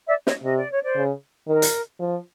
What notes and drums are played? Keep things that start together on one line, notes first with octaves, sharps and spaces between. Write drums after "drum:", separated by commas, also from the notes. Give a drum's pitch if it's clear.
D5 E5
C#5 D#5, drum: snare
C3 D#5
D5
C#5
C5 D5
C#3
D#3 A#4
drum: hi-hat
F3